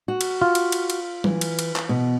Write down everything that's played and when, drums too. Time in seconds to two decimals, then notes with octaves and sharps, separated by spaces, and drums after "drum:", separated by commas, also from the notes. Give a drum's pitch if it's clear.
0.08 F#4
0.21 drum: cymbal
0.41 F4
0.55 drum: cymbal
0.72 drum: cymbal
0.90 drum: cymbal
1.24 E3, drum: tom F#3
1.41 drum: cymbal
1.59 drum: cymbal
1.76 drum: clap
1.89 B2